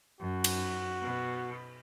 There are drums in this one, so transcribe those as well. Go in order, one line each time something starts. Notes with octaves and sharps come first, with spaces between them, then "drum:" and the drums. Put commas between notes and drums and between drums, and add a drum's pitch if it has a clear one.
F#2 F#4
drum: cymbal
B2